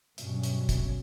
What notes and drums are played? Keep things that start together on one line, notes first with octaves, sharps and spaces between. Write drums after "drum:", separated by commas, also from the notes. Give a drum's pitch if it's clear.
G2 B2 F#3 C#4, drum: hi-hat
drum: hi-hat
drum: kick, hi-hat